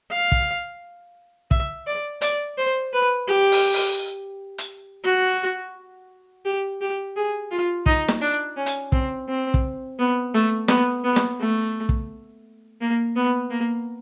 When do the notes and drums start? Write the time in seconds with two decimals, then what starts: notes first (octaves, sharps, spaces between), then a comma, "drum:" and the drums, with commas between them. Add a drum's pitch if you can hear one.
0.11 F5
0.32 drum: kick
1.51 E5, drum: kick
1.87 D5
2.21 D5, drum: hi-hat
2.58 C5
2.93 B4
3.28 G4
3.52 drum: open hi-hat
3.74 drum: open hi-hat
4.58 drum: hi-hat
5.04 F#4
6.45 G4
6.81 G4
7.16 G#4
7.51 F4
7.86 D#4, drum: kick
8.08 drum: snare
8.21 D4
8.57 C#4
8.66 drum: hi-hat
8.92 C4, drum: kick
9.28 C4
9.54 drum: kick
9.99 B3
10.34 A3
10.68 B3, drum: snare
11.04 B3
11.16 drum: snare
11.40 A3
11.89 drum: kick
12.81 A#3
13.16 B3
13.51 A#3